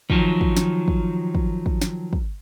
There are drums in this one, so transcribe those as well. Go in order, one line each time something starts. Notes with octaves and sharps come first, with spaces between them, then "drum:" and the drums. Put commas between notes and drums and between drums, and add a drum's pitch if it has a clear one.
D#3 F3 F#3, drum: kick
drum: kick
drum: snare
drum: kick
drum: kick
drum: kick
drum: snare
drum: kick